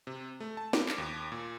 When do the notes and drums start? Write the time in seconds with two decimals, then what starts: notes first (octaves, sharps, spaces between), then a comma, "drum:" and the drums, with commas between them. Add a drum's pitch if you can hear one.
0.07 C3
0.40 A3
0.57 A5
0.73 D6, drum: snare
0.89 drum: clap
0.98 D#2
1.32 A#2